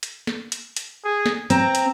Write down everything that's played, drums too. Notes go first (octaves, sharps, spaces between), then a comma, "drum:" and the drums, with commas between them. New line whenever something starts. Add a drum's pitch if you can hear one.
drum: hi-hat
drum: snare
drum: hi-hat
drum: hi-hat
G#4
drum: snare
C4 A#5, drum: hi-hat
drum: hi-hat